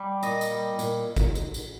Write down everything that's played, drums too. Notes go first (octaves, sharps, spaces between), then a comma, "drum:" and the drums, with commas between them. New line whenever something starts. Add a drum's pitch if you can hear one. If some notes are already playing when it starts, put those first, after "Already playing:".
Already playing: G3
A#2 D#5, drum: tambourine
drum: tambourine
G3
A#2, drum: tambourine
drum: kick, tambourine
drum: tambourine
drum: tambourine